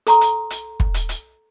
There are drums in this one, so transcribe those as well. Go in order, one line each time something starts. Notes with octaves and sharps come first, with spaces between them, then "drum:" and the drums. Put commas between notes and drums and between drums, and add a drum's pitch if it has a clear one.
A4 A#5 C6, drum: hi-hat
drum: hi-hat
drum: hi-hat
drum: kick
drum: hi-hat
drum: hi-hat